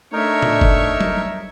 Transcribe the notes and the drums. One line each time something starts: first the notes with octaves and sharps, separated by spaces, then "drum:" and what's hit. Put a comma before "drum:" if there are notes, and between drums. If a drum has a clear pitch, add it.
A3 D4 D#4 A#4 C#5 E5
drum: tom A2
drum: kick
drum: tom F#3